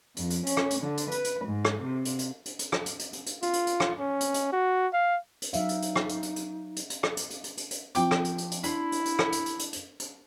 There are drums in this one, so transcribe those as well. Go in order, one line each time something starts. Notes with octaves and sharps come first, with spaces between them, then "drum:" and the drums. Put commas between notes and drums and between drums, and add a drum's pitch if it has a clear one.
F2, drum: hi-hat
drum: hi-hat
C#4, drum: hi-hat
drum: rim click
drum: hi-hat
D3
drum: hi-hat
B4, drum: hi-hat
drum: hi-hat
G#2
drum: rim click
C3
drum: hi-hat
drum: hi-hat
drum: hi-hat
drum: hi-hat
drum: rim click
drum: hi-hat
drum: hi-hat
drum: hi-hat
drum: hi-hat
F4, drum: hi-hat
drum: hi-hat
drum: hi-hat
drum: rim click
C#4
drum: hi-hat
drum: hi-hat
F#4
F5
drum: hi-hat
F#3 D#4 E5 F5, drum: hi-hat
drum: hi-hat
drum: hi-hat
drum: rim click
drum: hi-hat
drum: hi-hat
drum: hi-hat
drum: hi-hat
drum: hi-hat
drum: rim click
drum: hi-hat
drum: hi-hat
drum: hi-hat
drum: hi-hat
drum: hi-hat
F3 C4 G5 D6, drum: hi-hat
drum: rim click
drum: hi-hat
drum: hi-hat
drum: hi-hat
D4 E4 B5 C6, drum: hi-hat
drum: hi-hat
drum: hi-hat
drum: rim click
drum: hi-hat
drum: hi-hat
drum: hi-hat
drum: hi-hat
drum: hi-hat